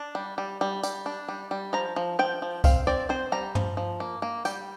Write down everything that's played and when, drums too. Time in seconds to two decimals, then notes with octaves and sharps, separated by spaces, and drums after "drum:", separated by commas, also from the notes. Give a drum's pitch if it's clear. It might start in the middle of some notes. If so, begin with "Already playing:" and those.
Already playing: D4
0.15 G3
0.38 G3
0.61 G3
0.83 G3, drum: tambourine
1.06 D4
1.28 G3
1.51 G3
1.73 F3 A#5
1.96 F3
2.19 F3 G5
2.42 F3
2.64 C4 F5, drum: kick C2, tambourine
2.87 C4 D5
3.09 C4 C5
3.32 G3 A#5
3.55 F3, drum: tom
3.77 F3
4.00 A#3
4.22 A#3
4.45 G3 G5, drum: tambourine